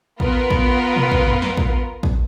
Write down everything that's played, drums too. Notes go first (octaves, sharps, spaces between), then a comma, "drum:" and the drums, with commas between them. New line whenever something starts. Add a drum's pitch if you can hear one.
B3 F4 A#4 B4, drum: kick
drum: kick
drum: tom
drum: kick
drum: tom
drum: snare
drum: kick
drum: kick